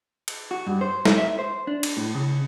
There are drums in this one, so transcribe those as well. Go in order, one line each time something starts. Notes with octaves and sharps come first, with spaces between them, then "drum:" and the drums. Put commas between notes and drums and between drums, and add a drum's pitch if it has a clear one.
drum: cymbal
F#4
G2
C5
drum: snare
E5
C5
D4
drum: cymbal
A2
C#3